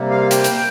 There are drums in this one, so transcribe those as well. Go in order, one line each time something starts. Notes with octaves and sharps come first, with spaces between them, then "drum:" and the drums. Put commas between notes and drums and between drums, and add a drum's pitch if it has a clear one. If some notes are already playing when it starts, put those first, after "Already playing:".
Already playing: C3 G3 A#3
F5
G5, drum: hi-hat
drum: hi-hat